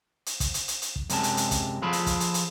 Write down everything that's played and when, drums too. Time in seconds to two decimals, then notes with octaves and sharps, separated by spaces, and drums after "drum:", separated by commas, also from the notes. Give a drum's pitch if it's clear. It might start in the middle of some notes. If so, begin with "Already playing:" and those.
0.26 drum: hi-hat
0.40 drum: kick, hi-hat
0.54 drum: hi-hat
0.68 drum: hi-hat
0.82 drum: hi-hat
0.96 drum: kick
1.09 F#2 C3 G#3 A5, drum: hi-hat
1.23 drum: hi-hat
1.37 drum: hi-hat
1.51 drum: kick, hi-hat
1.82 F3 F4 G#4 A4 F5 B5
1.93 drum: hi-hat
2.06 drum: kick, hi-hat
2.20 drum: hi-hat
2.34 drum: hi-hat